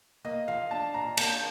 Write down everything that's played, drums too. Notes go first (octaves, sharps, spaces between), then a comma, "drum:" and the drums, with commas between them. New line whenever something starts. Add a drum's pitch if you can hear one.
A#3 D#5
F3 F5
D4 A5
A#2 A#5
A#3 A5, drum: cymbal